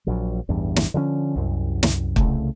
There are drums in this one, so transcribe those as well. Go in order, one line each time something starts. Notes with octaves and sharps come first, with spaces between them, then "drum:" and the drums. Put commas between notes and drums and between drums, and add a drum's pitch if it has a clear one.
A#1 F#3
A1 E2 G2
drum: snare
D3 F3 F#3 C#4
C2 F#2
drum: snare
C2 C#3 A3, drum: kick